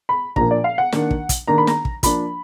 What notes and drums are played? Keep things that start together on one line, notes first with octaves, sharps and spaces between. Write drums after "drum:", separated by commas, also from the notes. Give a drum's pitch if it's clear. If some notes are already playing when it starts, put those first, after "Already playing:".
B5
A#2 F3 A#3 D4 A#5, drum: kick
D5
F5
F#5
D#3 A#3 D4, drum: snare
drum: kick
drum: kick, hi-hat
D#3 A#3 D4 A#5
B5
A#5, drum: snare
drum: kick
F3 A#3 D4 B5, drum: kick, hi-hat